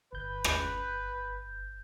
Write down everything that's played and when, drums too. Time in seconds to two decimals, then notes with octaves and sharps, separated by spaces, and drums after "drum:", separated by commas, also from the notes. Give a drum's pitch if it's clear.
0.13 G1 B4 G6
0.44 drum: rim click